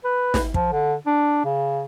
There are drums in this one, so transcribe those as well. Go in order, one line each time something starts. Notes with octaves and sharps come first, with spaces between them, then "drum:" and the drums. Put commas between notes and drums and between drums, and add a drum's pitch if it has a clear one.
B4
drum: snare
F3, drum: kick
D3
D4
C#3